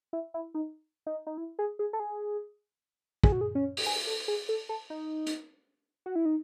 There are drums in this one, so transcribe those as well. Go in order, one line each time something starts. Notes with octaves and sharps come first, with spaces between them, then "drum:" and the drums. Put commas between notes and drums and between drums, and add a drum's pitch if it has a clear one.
E4
E4
D#4
D#4
D#4
E4
G#4
G#4
A4
G#4
G#4, drum: kick
F#4
G#4
C#4
drum: open hi-hat
G#4
A4
G#4
A4
A4
D#4
drum: hi-hat
F#4
E4
D#4